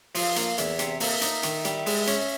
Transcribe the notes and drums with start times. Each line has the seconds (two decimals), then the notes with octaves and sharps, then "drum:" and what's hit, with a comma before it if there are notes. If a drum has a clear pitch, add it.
0.15 F3 F5, drum: open hi-hat
0.36 A#3, drum: hi-hat
0.58 E2 E5, drum: hi-hat
0.79 C3, drum: hi-hat
1.00 A#3 E5, drum: open hi-hat
1.22 D#4, drum: hi-hat
1.43 D#3, drum: hi-hat
1.65 G3, drum: hi-hat
1.86 G#3, drum: open hi-hat
2.07 C#4, drum: hi-hat